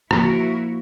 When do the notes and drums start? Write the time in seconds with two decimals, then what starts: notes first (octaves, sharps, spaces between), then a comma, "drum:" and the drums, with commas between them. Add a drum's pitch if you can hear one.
0.11 F3 A#3 E4 F#4 A#4, drum: rim click